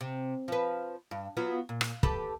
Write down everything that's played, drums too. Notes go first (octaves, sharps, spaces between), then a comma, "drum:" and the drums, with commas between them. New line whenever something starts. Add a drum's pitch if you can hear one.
C3
F3 B4
G2
F#3 B3 F4
A#2
drum: rim click
G4 A4 B4, drum: kick